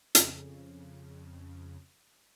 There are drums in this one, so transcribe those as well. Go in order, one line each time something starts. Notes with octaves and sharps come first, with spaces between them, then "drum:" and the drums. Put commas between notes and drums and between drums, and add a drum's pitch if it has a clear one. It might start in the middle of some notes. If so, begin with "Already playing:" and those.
F2 C#3, drum: hi-hat